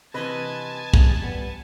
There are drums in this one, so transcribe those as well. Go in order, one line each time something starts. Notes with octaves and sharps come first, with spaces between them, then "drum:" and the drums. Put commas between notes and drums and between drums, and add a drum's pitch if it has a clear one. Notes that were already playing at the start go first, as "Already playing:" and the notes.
C3 E3 B4 D#5 G#5 A5
drum: kick
G3 B3